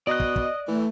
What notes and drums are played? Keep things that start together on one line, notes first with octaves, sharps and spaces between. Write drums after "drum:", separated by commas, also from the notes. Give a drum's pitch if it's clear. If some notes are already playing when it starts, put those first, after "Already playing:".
B2 D5 D#5 F#6
drum: kick
drum: kick
E3 A3